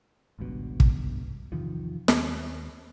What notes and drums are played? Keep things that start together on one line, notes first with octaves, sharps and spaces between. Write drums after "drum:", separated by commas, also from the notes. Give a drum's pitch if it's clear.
G#1 C#2 G2 B2
drum: kick
E2 C3 D#3 F3
D#2, drum: snare